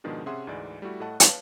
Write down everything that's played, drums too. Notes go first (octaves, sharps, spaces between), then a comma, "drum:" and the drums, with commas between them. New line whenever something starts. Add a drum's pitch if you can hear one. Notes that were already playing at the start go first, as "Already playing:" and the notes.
G#2 B2 D#3 F3 G#3 D4
C3 C#4 G#4 E5 F#5 C6
D2 G#2 E3 G#3 D5
G3 A3 E4 F#4
A2 A3 D#5 F#5 A5 F#6
B4 C#5 F5 A5, drum: hi-hat